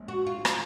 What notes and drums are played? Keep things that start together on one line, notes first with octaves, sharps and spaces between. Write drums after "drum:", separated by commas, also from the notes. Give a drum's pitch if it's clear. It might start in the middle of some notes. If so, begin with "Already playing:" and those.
Already playing: A#1 A#2 G#3 C#4
F#4
F4
drum: rim click